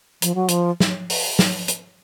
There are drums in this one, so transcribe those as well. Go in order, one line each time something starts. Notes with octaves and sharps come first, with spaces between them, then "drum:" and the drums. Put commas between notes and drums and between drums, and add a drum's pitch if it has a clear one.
F3, drum: hi-hat
F#3
F3, drum: hi-hat
drum: snare
drum: open hi-hat
drum: snare
drum: hi-hat